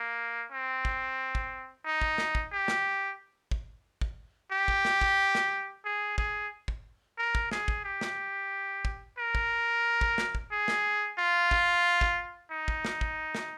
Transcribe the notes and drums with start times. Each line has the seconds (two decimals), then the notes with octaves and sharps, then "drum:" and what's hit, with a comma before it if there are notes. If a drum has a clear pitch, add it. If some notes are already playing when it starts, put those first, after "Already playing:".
Already playing: A#3
0.51 C4
0.85 drum: kick
1.35 drum: kick
1.85 D#4
2.01 drum: kick
2.18 drum: snare
2.35 drum: kick
2.52 G4
2.68 drum: snare
3.51 drum: kick
4.01 drum: kick
4.52 G4
4.68 drum: kick
4.85 drum: snare
5.01 drum: kick
5.35 drum: snare
5.85 G#4
6.18 G#4, drum: kick
6.68 drum: kick
7.18 A#4
7.35 drum: kick
7.51 G#4, drum: snare
7.68 drum: kick
7.84 G4
8.01 drum: snare
8.85 drum: kick
9.18 A#4
9.35 drum: kick
10.01 drum: kick
10.18 drum: snare
10.35 drum: kick
10.52 G#4
10.68 drum: snare
11.18 F4
11.51 drum: kick
12.01 drum: kick
12.51 D#4
12.68 drum: kick
12.85 drum: snare
13.01 drum: kick
13.35 drum: snare